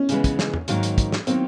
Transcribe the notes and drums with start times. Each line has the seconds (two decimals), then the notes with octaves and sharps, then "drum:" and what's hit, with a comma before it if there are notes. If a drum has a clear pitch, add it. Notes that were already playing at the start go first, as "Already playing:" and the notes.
Already playing: C#4
0.09 C#3 E3 G#3 B3, drum: hi-hat
0.24 drum: kick, hi-hat
0.39 drum: snare
0.54 drum: tom
0.68 G#2 D#3 F#3 A#3 D#4, drum: hi-hat
0.83 drum: hi-hat
0.98 drum: kick, hi-hat
1.12 drum: snare
1.27 D#3 F#3 A#3 C4 D#4, drum: hi-hat